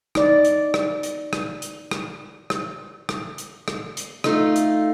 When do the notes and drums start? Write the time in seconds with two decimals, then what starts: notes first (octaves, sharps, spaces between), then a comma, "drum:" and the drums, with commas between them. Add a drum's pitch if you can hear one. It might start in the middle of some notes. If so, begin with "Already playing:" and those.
0.15 D#4 D5, drum: rim click
0.45 drum: hi-hat
0.74 drum: rim click
1.03 drum: hi-hat
1.33 drum: rim click
1.62 drum: hi-hat
1.91 drum: rim click
2.50 drum: rim click
3.09 drum: rim click
3.38 drum: hi-hat
3.68 drum: rim click
3.97 drum: hi-hat
4.24 A3 D#4 F4, drum: rim click
4.56 drum: hi-hat